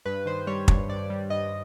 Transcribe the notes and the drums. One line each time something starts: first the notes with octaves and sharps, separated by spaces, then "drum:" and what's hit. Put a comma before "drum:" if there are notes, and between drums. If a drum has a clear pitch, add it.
G2 B4
D#3 C5
G3 C#5
G2 C#5, drum: kick
G2 D5
G3
G2 D#5